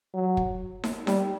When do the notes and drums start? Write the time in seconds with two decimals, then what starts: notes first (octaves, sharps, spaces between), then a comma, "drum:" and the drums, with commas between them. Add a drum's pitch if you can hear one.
0.14 F#3
0.37 drum: kick
0.84 drum: snare D#4
1.07 G3, drum: snare D#4